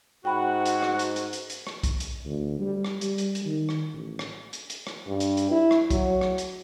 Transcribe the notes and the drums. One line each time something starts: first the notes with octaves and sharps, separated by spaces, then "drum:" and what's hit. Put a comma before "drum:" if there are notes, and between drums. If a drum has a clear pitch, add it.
G#2 F#4 F#5 G5 B5 C#6
drum: hi-hat
drum: rim click
drum: hi-hat
drum: hi-hat
drum: hi-hat
drum: hi-hat
drum: rim click
drum: kick, hi-hat
drum: hi-hat
D2
G3
drum: rim click
G3, drum: hi-hat
drum: hi-hat
drum: hi-hat
D#3
drum: rim click
A1
drum: rim click
drum: hi-hat
drum: hi-hat
drum: rim click
G2
drum: hi-hat
drum: hi-hat
E4
drum: rim click
F#3, drum: kick, hi-hat
drum: rim click
drum: hi-hat